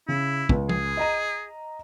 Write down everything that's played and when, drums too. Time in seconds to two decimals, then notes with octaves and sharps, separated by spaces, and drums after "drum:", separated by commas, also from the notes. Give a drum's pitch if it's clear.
0.08 C#3 E4
0.49 C#2, drum: kick
0.69 G#4, drum: tom
0.97 D#5 A#5 D#7